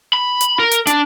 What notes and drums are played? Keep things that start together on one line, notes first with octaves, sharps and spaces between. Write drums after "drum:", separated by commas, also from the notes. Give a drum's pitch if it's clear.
B5
drum: hi-hat
A#4
drum: hi-hat
D4, drum: hi-hat